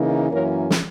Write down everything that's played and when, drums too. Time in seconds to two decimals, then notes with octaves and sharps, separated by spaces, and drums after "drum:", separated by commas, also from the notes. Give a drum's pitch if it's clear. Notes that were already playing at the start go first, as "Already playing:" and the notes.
Already playing: C#3 E3 A#3 D#4
0.31 F#2 E3 A#3 C#4 A#4 C#5
0.71 drum: snare